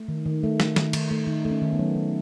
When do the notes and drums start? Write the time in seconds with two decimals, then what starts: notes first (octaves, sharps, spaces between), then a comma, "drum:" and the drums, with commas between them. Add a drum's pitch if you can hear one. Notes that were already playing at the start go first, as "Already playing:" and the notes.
Already playing: A3
0.08 D#3
0.25 D#3
0.43 A3
0.60 A3, drum: snare
0.76 D#3, drum: snare
0.93 D#3, drum: cymbal
1.11 A3
1.27 D#3 D#4
1.45 A3
1.50 C#4
1.62 D#3
1.73 B3
1.79 F#3
1.95 D#3